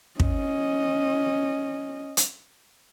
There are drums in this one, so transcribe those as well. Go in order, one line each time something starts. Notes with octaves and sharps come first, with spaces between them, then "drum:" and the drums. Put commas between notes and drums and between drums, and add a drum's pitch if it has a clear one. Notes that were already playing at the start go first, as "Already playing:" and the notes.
C#4 D#5, drum: kick
drum: hi-hat